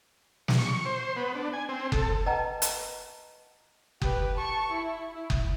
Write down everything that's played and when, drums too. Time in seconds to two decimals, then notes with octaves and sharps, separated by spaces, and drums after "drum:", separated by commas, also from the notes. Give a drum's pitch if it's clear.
0.48 drum: snare
0.59 C#6
0.85 C5
1.17 B3
1.35 D4
1.53 G#5
1.69 C4
1.92 A4, drum: kick F#1
2.26 B4 D#5 F#5 G5 A5 A#5
2.62 drum: hi-hat
4.02 G4 B4, drum: kick F#1
4.36 A5 C#6
4.72 E4
5.14 E4
5.30 drum: kick F#1